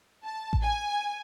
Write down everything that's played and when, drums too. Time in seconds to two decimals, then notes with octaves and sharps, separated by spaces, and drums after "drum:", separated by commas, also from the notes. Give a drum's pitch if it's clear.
0.24 A5
0.53 drum: kick A1
0.62 G#5